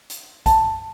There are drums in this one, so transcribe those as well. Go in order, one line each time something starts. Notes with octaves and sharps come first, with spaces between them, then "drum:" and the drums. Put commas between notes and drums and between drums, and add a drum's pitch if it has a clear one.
drum: hi-hat
A5, drum: kick, hi-hat